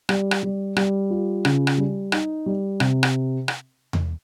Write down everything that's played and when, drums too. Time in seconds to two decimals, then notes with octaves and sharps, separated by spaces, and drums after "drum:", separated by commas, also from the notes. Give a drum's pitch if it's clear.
0.09 G3, drum: rim click
0.31 drum: rim click
0.43 G3
0.76 G3, drum: rim click
1.10 F4
1.45 C#3, drum: rim click
1.67 drum: rim click
1.78 G3
2.12 D#4, drum: rim click
2.46 G3
2.80 C3, drum: rim click
3.03 drum: rim click
3.48 drum: rim click
3.93 drum: tom E2